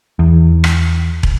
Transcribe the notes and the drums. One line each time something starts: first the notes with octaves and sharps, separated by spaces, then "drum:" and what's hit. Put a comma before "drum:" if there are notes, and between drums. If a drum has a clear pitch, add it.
E2
drum: rim click
drum: kick